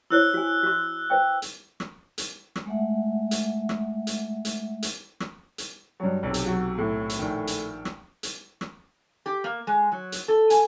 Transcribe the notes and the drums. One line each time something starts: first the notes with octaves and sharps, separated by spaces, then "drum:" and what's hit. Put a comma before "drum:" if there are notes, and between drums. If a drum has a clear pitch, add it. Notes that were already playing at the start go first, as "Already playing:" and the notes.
E4 C5 C#5 E6 F#6 G7
F#4 G#5
F#4 C6
B4 C5 G5
drum: hi-hat
drum: rim click
drum: hi-hat
drum: rim click
G#3 A3 E5 F#5
drum: hi-hat
drum: rim click
drum: hi-hat
drum: hi-hat
drum: hi-hat
drum: rim click
drum: hi-hat
G2 F#3
B1 C3
drum: hi-hat
F#3 F#4
A2
drum: hi-hat
A#1 D#3
drum: hi-hat
drum: rim click
drum: hi-hat
drum: rim click
G4
A#3
G#3
F#3
drum: hi-hat
A4
G#5, drum: hi-hat